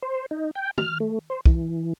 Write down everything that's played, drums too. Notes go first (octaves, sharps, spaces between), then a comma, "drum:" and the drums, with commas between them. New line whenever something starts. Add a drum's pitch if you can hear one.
C5
D#4
G5
F6, drum: tom
A3
C5
E3, drum: kick